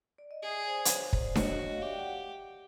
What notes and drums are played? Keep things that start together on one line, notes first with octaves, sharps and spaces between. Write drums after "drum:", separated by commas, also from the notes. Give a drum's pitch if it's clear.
D5
D#5
G#4 D5 E5
C5 D5
C5, drum: hi-hat
B4 C#5
C5 D5, drum: kick
F#4 C#5 D#5, drum: snare D4
C#5 D#5
F5
G4 D5 E5
G5
F#5